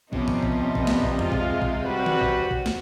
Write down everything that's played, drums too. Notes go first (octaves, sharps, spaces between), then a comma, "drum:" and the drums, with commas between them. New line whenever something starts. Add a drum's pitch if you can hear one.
C3 F3 G3 B3 C#4 D#5, drum: kick
drum: tom G2
drum: kick
B3, drum: kick
drum: snare
drum: kick
G#3 F4 F5, drum: tom F2
drum: kick
drum: kick
G3 F#4 B4 C5
drum: tom D#3
drum: kick
drum: kick
drum: snare